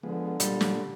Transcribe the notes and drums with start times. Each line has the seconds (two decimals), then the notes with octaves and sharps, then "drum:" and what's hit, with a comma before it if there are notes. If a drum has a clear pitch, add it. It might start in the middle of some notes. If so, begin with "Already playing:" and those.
0.03 D3 F3 G#3 B3
0.40 A#2 G3 F4, drum: hi-hat
0.61 drum: snare